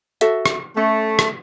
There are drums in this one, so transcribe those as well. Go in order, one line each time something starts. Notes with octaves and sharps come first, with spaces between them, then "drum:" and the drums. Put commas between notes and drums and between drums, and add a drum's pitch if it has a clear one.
F#4 A4 E5, drum: hi-hat
drum: rim click
A3 C#4
drum: rim click